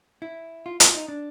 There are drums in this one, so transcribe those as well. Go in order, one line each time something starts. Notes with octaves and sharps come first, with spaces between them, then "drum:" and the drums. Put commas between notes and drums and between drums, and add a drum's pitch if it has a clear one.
E4
F4
F4, drum: hi-hat
D#4
D4